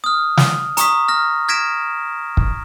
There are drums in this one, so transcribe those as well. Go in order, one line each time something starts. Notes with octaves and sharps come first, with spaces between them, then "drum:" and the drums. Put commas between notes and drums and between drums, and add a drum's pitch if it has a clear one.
D#6 F6
drum: snare
A#5 C#6 D#6 B6, drum: hi-hat
F6 A#6
F6 G#6 A#6 B6 D7 E7
drum: kick